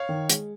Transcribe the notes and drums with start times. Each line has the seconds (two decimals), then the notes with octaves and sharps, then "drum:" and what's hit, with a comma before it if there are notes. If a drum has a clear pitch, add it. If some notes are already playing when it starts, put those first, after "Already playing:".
Already playing: C#5 F5
0.09 D#3
0.30 G#3, drum: hi-hat